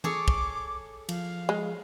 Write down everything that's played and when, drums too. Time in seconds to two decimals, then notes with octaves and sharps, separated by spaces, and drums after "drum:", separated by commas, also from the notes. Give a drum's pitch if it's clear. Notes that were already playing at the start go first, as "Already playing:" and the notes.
0.04 G#4 A4 C#5 D6, drum: tom E3
0.28 drum: kick
1.09 F3 F5, drum: cymbal
1.49 G#3